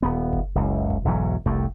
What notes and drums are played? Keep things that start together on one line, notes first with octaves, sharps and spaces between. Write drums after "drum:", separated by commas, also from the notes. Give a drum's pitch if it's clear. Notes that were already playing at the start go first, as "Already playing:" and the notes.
D#1 B3
drum: kick F#1
F#1 C#2
drum: kick F#1
B1 E2 G#2 F#3
C2 F2 A3, drum: kick F#1